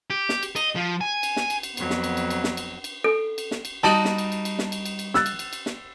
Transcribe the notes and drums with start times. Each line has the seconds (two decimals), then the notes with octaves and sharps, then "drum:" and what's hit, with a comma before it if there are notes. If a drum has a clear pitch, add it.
0.10 G4
0.29 drum: snare
0.43 drum: cymbal
0.56 D#5, drum: cymbal
0.76 F3
1.01 G#5
1.23 drum: cymbal
1.37 drum: snare
1.50 drum: cymbal
1.63 drum: cymbal
1.77 F2 F#3 B3, drum: cymbal
1.90 drum: snare
2.04 drum: cymbal
2.17 drum: cymbal
2.30 drum: cymbal
2.44 drum: snare
2.57 drum: cymbal
2.84 drum: cymbal
3.04 A4
3.38 drum: cymbal
3.51 drum: snare
3.65 drum: cymbal
3.83 G3 D#4 F#4 A5 D#6
4.05 drum: snare
4.18 drum: cymbal
4.32 drum: cymbal
4.45 drum: cymbal
4.59 drum: snare
4.72 drum: cymbal
4.86 drum: cymbal
4.99 drum: cymbal
5.14 E6 F#6 A6, drum: snare
5.26 drum: cymbal
5.39 drum: cymbal
5.53 drum: cymbal
5.66 drum: snare